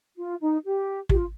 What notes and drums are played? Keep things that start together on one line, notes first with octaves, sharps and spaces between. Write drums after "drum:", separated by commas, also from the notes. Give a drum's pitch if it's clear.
F4
D#4
G4
G4, drum: kick
F4